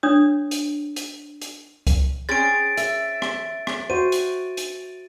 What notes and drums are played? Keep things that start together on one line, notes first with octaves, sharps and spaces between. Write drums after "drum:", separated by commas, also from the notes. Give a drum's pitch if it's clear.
D4 C#5 D#6
drum: hi-hat
drum: hi-hat
drum: hi-hat
drum: kick C#2, hi-hat
C4 C#4 G#4 A6 D7
E5, drum: hi-hat
drum: rim click
drum: rim click
F#4 C5 D#7
drum: hi-hat
drum: hi-hat